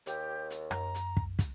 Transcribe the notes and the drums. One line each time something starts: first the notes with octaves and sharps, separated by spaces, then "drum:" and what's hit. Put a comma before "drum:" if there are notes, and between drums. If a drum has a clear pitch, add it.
D#2 G4, drum: hi-hat
drum: hi-hat
F#2 A#5, drum: rim click
drum: hi-hat
drum: kick
drum: kick, hi-hat